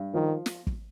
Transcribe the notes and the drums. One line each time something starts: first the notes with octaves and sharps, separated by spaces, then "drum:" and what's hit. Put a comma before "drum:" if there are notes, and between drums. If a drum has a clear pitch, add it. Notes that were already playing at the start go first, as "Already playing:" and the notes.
Already playing: G2
D#3 F3
drum: snare
drum: kick